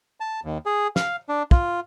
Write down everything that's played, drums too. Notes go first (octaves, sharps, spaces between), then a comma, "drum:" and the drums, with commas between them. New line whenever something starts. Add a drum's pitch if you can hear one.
A5
D#2
G#4
F5, drum: snare
D4
F4, drum: kick